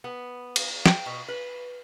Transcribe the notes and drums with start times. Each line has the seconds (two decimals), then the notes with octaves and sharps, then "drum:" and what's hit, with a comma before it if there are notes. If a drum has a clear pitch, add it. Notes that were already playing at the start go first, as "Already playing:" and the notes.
0.04 B3
0.56 drum: cymbal
0.86 G5, drum: snare
1.06 B2
1.28 B4